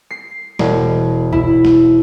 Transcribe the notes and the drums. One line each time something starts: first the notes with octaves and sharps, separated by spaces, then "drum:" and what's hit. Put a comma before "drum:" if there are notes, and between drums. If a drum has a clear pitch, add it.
C7
E1, drum: snare
E4, drum: kick
drum: snare